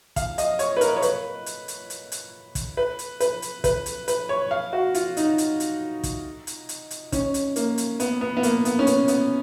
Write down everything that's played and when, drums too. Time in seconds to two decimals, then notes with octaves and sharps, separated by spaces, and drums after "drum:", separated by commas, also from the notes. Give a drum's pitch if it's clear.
0.16 F5, drum: kick, hi-hat
0.38 D#5, drum: hi-hat
0.59 C#5, drum: hi-hat
0.77 B4
0.81 A#4, drum: hi-hat
0.96 C#5
1.02 B4, drum: hi-hat
1.46 drum: hi-hat
1.68 drum: hi-hat
1.90 drum: hi-hat
2.12 drum: hi-hat
2.55 drum: kick, hi-hat
2.77 B4
2.99 drum: hi-hat
3.20 B4, drum: hi-hat
3.42 drum: hi-hat
3.64 B4, drum: kick, hi-hat
3.86 drum: hi-hat
4.08 B4, drum: hi-hat
4.29 C#5
4.51 F5
4.73 F#4
4.95 F4, drum: hi-hat
5.17 D#4, drum: hi-hat
5.38 drum: hi-hat
5.60 drum: hi-hat
6.03 drum: kick, hi-hat
6.47 drum: hi-hat
6.69 drum: hi-hat
6.91 drum: hi-hat
7.12 C#4, drum: kick, hi-hat
7.34 drum: hi-hat
7.56 A#3, drum: hi-hat
7.78 drum: hi-hat
8.00 B3, drum: hi-hat
8.21 B3
8.37 B3
8.43 A#3, drum: hi-hat
8.65 B3, drum: hi-hat
8.79 C#4
8.87 B3, drum: hi-hat
9.08 B3, drum: hi-hat